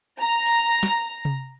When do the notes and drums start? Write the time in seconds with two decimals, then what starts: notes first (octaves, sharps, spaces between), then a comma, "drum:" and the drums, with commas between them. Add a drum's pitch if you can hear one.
0.20 A#5
0.46 drum: open hi-hat
0.83 drum: snare
1.25 drum: tom C3